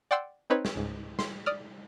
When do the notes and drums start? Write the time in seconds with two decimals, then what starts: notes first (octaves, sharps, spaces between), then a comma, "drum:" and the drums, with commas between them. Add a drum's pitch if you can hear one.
0.11 D5 F#5 G5 C6 E6
0.50 C4 D#4 B4 C#5
0.65 drum: snare
0.76 C#2 G#2
1.19 C6, drum: snare
1.46 D5 D#6 F6